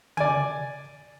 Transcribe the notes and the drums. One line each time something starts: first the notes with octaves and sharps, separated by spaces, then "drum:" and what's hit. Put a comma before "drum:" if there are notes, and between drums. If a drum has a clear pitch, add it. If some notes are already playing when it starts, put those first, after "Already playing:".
D5 G#5, drum: tom C#3